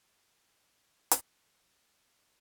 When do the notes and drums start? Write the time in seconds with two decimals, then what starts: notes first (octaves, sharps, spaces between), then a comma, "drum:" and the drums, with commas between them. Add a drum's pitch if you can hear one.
1.11 drum: hi-hat
1.49 F5 D#6 E6